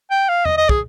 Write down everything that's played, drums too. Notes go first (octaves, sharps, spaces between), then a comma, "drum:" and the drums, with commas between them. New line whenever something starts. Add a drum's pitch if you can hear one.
G5
F5
D#5, drum: tom E2
D#5
G#4, drum: kick